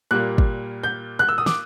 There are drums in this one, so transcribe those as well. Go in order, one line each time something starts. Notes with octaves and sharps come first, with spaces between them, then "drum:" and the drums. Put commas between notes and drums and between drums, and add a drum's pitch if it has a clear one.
A#2 G3 A#3 F#6
drum: kick
G6
F#6
E6
D#6
D6, drum: snare